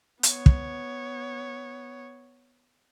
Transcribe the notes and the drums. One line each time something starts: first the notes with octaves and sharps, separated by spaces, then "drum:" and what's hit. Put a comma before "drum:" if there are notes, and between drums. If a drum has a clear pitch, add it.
B3 C#5, drum: hi-hat
drum: kick